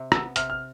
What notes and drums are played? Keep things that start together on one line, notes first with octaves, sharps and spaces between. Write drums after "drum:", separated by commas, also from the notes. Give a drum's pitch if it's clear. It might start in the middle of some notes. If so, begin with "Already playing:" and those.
Already playing: C3
B3 E6, drum: rim click
C3 F6, drum: hi-hat
F6